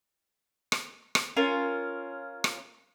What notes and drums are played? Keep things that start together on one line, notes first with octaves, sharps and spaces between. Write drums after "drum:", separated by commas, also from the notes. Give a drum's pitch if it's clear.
drum: rim click
drum: rim click
C#4 F4 A#4
drum: rim click